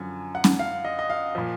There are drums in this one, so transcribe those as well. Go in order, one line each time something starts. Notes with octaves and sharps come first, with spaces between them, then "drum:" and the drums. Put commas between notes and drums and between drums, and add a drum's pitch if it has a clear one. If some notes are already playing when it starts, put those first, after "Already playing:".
Already playing: F#2 D3 F3 G#5
F#5
drum: snare C#4
F5
D#5
D#5
F5
A#2 F3